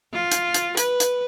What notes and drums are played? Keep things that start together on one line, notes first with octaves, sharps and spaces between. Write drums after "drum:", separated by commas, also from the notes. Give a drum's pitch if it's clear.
F4
drum: hi-hat
drum: hi-hat
B4, drum: hi-hat
drum: hi-hat